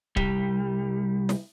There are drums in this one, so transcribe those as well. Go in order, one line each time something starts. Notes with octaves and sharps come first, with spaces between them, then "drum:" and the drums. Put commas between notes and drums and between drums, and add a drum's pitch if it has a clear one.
C2 G3, drum: kick D1
drum: snare